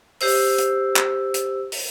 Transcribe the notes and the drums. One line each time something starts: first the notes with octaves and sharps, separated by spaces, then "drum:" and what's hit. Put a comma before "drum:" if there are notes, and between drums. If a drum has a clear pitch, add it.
G4 C5 E6, drum: open hi-hat
drum: hi-hat
drum: clap
drum: hi-hat
drum: open hi-hat